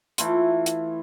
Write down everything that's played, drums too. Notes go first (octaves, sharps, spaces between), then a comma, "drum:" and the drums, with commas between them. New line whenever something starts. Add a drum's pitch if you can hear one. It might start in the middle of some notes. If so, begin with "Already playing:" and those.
E3 A3 F4, drum: hi-hat
drum: hi-hat